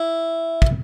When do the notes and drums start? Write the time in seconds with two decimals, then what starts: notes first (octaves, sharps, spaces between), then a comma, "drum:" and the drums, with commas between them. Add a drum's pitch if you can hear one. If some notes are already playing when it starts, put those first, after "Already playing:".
Already playing: E4
0.62 drum: kick